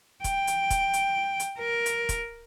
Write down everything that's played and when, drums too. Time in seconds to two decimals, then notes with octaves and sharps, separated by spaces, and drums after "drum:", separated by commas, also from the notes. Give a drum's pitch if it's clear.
0.24 G5, drum: kick, hi-hat
0.47 drum: hi-hat
0.70 drum: kick, hi-hat
0.93 drum: hi-hat
1.40 drum: hi-hat
1.59 A#4
1.86 drum: hi-hat
2.09 drum: kick, hi-hat